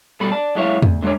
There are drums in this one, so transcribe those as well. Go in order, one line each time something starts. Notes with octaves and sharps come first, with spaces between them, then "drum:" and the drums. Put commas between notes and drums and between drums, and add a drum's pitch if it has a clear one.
G2 B2 G3 A4 B5
D5 A5
F#2 G#3 E4 C#5 E5 F5
D2, drum: tom E2
D3 G#3 C4 D4 C#5